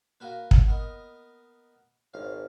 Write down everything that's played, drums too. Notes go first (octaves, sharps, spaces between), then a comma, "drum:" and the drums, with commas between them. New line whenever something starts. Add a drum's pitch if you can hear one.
A#3 F#4 A#4 B4 F5
drum: kick
B3 A#4 D#5
G#1 C5 C#5 F5